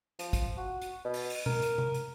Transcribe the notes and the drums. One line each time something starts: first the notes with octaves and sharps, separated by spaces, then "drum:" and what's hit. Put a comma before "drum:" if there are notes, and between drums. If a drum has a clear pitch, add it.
F3, drum: hi-hat
drum: kick, hi-hat
F#4
drum: hi-hat
B2
drum: open hi-hat
drum: open hi-hat
A#4, drum: tom B2
drum: hi-hat
drum: tom C3
drum: hi-hat